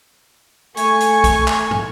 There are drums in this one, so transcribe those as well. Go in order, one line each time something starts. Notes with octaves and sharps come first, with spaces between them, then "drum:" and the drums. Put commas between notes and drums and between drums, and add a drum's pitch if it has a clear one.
A3 A4 G#5 C#6, drum: hi-hat
drum: hi-hat
drum: kick B1, hi-hat
drum: clap
drum: tom